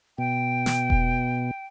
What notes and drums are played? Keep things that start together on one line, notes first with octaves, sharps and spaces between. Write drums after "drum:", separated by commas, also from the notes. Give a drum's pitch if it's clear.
B2 G5
drum: snare
drum: kick E1